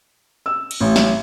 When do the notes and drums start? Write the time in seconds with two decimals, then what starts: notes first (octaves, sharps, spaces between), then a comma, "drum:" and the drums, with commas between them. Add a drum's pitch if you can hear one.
0.46 E6
0.71 drum: cymbal
0.80 A1
0.96 drum: snare